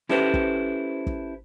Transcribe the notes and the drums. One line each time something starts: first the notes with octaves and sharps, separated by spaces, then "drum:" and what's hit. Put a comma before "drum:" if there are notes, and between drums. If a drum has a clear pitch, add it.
C#4 E4 G4 A4 B4 C5, drum: snare
drum: kick
drum: kick